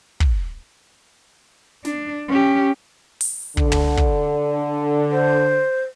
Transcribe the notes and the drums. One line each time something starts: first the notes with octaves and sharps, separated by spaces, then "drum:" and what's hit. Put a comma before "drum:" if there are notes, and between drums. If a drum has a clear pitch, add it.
drum: kick
D4, drum: snare
C#4 G4
drum: open hi-hat
D3, drum: kick
drum: tom
drum: kick
C5